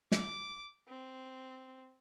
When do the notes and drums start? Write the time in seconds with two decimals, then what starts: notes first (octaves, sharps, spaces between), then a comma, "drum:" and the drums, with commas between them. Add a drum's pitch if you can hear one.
0.12 D6, drum: snare
0.88 C4